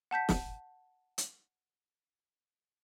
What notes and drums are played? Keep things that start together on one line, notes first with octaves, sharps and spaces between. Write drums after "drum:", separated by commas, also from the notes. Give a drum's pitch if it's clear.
F#5 A5 G6 B6
drum: snare
drum: hi-hat